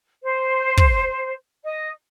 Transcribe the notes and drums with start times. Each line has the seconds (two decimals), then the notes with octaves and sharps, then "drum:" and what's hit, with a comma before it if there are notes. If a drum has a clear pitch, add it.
0.23 C5
0.77 drum: kick
1.64 D#5